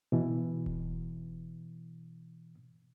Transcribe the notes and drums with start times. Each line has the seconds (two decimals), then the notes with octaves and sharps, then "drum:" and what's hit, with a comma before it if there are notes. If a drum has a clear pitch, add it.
0.12 B2 E3
0.66 drum: kick E1